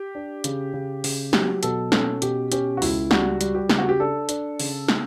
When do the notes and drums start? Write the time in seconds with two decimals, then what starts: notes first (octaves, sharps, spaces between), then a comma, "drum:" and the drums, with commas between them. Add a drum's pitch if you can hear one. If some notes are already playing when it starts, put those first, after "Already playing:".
Already playing: G4
0.15 D4
0.44 C#3, drum: hi-hat
0.74 C#3
1.04 C#3, drum: open hi-hat
1.33 F#3 G4, drum: snare
1.63 B2 A4, drum: hi-hat
1.92 C#4 A4, drum: snare
2.22 B2 G4, drum: hi-hat
2.52 C#4 G4, drum: hi-hat
2.77 F#4
2.82 C#2 E4, drum: open hi-hat
3.11 G3 F#4, drum: snare
3.41 G3, drum: hi-hat
3.55 G4
3.69 C#3, drum: snare
3.78 F#4
3.89 G4
4.00 D4 A4
4.29 D4, drum: hi-hat
4.60 C#3, drum: open hi-hat
4.89 drum: snare